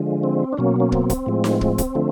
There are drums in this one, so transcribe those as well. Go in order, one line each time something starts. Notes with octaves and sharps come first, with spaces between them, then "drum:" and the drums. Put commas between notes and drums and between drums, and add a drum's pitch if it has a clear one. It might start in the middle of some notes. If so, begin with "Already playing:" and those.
Already playing: D3 F3 G#3
C4
D4
B2 F#3 A#3 C#4
C#4
C4, drum: kick
drum: kick, hi-hat
A2 F3 G#3
drum: snare D#4
drum: kick
drum: kick, hi-hat
D3 F3 A3